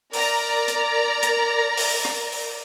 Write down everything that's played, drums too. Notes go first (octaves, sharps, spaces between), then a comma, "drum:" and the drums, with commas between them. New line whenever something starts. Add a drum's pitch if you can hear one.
A#4 D5 A#5, drum: open hi-hat
drum: hi-hat
drum: hi-hat
drum: open hi-hat
drum: rim click
drum: open hi-hat